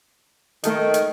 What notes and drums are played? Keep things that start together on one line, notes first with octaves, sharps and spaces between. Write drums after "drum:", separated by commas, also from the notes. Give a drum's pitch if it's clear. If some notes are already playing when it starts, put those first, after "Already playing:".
D#3 A3 A4 D#5, drum: hi-hat
drum: hi-hat